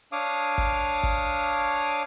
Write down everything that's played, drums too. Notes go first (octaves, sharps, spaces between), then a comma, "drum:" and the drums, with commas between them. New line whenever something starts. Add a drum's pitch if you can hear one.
D4 C#5 F5 D6 D#6
drum: kick G#1
drum: kick G#1